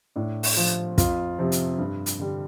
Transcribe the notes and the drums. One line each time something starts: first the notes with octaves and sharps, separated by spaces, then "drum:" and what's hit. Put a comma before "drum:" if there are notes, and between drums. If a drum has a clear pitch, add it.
A2 D4
drum: open hi-hat
F3
F2 F4, drum: kick, hi-hat
C3 F3
drum: hi-hat
G2
drum: hi-hat
D3 G3